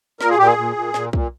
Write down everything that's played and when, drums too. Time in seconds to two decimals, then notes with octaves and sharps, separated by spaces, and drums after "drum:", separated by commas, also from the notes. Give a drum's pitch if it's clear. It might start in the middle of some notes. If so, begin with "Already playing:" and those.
0.21 A#2 A#4, drum: snare
0.29 G#4
0.39 A#2 G4
0.46 G#4
0.58 A#2
0.76 A#2
0.94 A#2, drum: snare
1.13 A#2, drum: kick